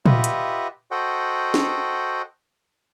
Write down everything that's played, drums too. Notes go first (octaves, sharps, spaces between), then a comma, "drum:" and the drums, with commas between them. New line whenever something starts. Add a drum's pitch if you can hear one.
F4 G4 B4 D#5 E5 F#5, drum: tom A#2
drum: hi-hat
F#4 A4 C5 D#5 F#5 G5
drum: snare